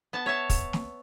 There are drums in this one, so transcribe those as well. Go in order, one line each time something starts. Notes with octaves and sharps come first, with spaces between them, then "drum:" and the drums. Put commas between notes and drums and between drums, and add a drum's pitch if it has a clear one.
B3 A5
C#5 E5 A5
drum: kick, open hi-hat
drum: snare